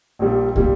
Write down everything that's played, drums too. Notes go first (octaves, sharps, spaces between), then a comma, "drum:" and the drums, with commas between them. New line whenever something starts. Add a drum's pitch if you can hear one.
A#1 A#2 G3
A#2 G3, drum: kick